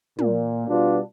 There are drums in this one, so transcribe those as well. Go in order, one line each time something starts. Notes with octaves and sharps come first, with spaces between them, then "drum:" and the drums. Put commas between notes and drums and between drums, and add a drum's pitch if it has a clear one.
A#2, drum: tom
B2 G3 B3 D4 F4